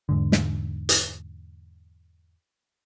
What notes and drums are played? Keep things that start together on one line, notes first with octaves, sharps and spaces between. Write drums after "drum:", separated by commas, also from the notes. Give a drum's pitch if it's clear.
E2 G#2 D3
drum: snare
drum: hi-hat